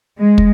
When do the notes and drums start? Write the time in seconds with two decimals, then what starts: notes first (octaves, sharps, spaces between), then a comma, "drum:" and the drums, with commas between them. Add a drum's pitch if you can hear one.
0.19 G#3
0.38 drum: kick